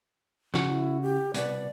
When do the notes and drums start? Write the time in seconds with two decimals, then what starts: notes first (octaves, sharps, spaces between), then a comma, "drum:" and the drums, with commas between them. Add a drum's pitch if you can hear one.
0.54 C#3 F#4, drum: snare
0.68 E4
1.02 G4
1.34 C2 B2 B3 D5, drum: hi-hat